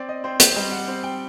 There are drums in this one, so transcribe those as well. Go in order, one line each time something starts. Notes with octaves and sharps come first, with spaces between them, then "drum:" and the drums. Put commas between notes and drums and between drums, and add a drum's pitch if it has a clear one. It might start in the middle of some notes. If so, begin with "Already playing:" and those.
Already playing: C4 D5
D#5
C4 C5
C5, drum: hi-hat
G3 D#5
F#5
C4
G5